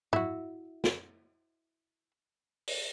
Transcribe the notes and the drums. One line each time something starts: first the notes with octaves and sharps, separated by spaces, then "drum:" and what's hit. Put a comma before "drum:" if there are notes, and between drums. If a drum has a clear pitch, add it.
E4 F#4, drum: tom
drum: snare
drum: open hi-hat